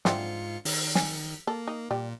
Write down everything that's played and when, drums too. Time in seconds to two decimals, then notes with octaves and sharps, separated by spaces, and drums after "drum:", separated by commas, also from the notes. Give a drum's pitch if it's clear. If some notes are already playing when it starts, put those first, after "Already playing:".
0.05 G#2 D3 C4 E4 F4 C#7, drum: snare
0.65 D#3, drum: open hi-hat
0.95 G#5, drum: snare
1.47 A#3 A4
1.68 D#4
1.91 A#2 G3